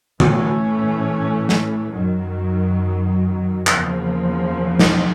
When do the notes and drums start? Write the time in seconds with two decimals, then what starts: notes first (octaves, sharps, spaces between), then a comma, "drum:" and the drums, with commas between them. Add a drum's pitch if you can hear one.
0.20 A2 E3 A3 C#4, drum: tom D3
1.49 drum: snare
1.93 F#2 D#3 F#3
3.67 E2 C#3 F3 A#3, drum: clap
4.79 drum: snare